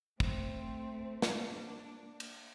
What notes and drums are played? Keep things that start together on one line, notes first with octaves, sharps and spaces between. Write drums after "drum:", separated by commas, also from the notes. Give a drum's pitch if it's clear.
A3 C4, drum: kick
A#3 D4, drum: snare
drum: cymbal